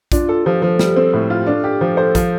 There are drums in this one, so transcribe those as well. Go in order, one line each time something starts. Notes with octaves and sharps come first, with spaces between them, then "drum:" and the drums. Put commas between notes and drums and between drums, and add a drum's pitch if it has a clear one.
D4 F4, drum: kick, hi-hat
A4
F3 G4
F3 A4
G3, drum: snare
C4
A2
F4
G4
D4 A4
G4
F3
C5
F3, drum: kick, hi-hat